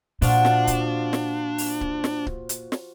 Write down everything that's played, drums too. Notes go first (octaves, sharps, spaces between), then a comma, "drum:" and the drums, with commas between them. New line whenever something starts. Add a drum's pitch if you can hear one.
A#2 F3 D4 F4 F#4, drum: open hi-hat
drum: snare
drum: kick C#1, hi-hat
drum: snare
drum: open hi-hat
drum: kick C#1
drum: snare
drum: kick C#1
drum: hi-hat
drum: snare